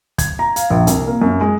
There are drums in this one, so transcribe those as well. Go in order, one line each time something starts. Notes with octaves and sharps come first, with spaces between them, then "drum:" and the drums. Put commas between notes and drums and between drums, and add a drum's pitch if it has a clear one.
G#6, drum: kick, hi-hat
A#5
F5, drum: hi-hat
A#1
C2, drum: hi-hat
A#3
F#2
G#3